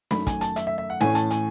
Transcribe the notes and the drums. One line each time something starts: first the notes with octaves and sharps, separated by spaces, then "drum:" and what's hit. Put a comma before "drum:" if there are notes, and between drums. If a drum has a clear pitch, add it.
F#2 D#3 A3 B5, drum: snare
G#5, drum: kick, hi-hat
A5, drum: hi-hat
E5, drum: hi-hat
E5
E5
F#5
A2 E3 A3 C#4 G#5, drum: snare
A5, drum: hi-hat
G#5, drum: hi-hat